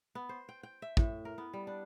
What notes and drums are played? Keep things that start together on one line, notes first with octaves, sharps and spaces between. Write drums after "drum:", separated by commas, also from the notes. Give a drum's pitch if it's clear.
B3
C5
G5
G5
E5
A2, drum: kick
A#4
B3
G3
D4